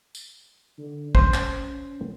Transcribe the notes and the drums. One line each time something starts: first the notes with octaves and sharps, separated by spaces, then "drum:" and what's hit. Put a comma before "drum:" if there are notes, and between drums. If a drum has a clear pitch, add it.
drum: tambourine
D3
C#4 C5, drum: kick
drum: clap